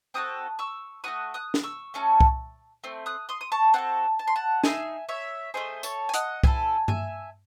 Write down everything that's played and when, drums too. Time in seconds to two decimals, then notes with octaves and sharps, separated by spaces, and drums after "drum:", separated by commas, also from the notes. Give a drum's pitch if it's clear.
0.14 C4 F#4 A4 D#6 F#6
0.59 C#6 E6
1.04 A3 C#4 F#4 D#6 F#6
1.34 D#6 F#6
1.54 drum: snare
1.63 C#6 E6
1.94 A3 C#4 F#4 A4
2.21 drum: kick C2
2.84 A3 C4
3.06 D#6 F#6
3.29 C6 D#6
3.41 D#6
3.52 A5 C#6
3.73 C4 F#4 A4 F#5 A5
4.19 A5
4.27 C6
4.36 F#5 A5
4.64 D#4 G#4 E5 G#5, drum: snare
5.09 C#5 E5
5.54 A3 C#4 G#4 C5 D#5
5.83 A4 C#5, drum: tambourine
6.09 G#5
6.14 D#5 F#5, drum: hi-hat
6.44 C4 E4 A4 E5 G#5, drum: kick C2
6.88 E5 G#5, drum: tom G2